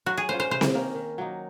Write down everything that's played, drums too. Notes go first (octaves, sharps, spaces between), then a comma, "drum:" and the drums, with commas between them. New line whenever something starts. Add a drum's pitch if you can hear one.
F#3 F#4
G#4
C#4 F4 C5
C5
C3 C5
drum: snare C4
D#3 A#3 C#4
D#3
F#3 A#3 D#4